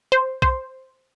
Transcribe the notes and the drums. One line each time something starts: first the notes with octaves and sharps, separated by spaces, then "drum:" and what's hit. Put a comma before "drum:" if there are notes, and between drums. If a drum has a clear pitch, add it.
C5
C5, drum: kick B1